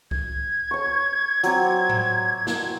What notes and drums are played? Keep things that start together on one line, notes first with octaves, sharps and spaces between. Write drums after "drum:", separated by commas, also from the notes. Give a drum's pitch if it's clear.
G#6, drum: kick C2
C#5 C#6
F#3 C4 D5, drum: hi-hat
drum: tom G#2
drum: snare